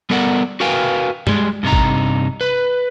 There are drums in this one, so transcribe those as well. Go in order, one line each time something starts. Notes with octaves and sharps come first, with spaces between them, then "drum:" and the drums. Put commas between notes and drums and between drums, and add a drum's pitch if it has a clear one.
G3 B3 A4 A#4 D5 F#5
F#4 A#4 B4 F5 G5 G#5
G3 G#3, drum: tom G2
G2 C3 D#4 A#5
drum: kick
B4